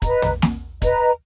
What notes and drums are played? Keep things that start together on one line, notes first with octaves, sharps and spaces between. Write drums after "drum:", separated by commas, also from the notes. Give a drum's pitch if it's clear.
B4 D#5 A#5, drum: kick, hi-hat
drum: tom
drum: snare
B4 D#5 A#5, drum: kick, hi-hat